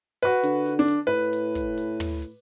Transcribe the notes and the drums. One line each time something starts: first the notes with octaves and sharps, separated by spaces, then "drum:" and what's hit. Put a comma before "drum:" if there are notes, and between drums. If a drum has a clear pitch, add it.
F#4 B4
D3, drum: hi-hat
drum: snare
D4
drum: hi-hat
A2 B4
drum: hi-hat
drum: kick, hi-hat
drum: hi-hat
drum: tom
drum: open hi-hat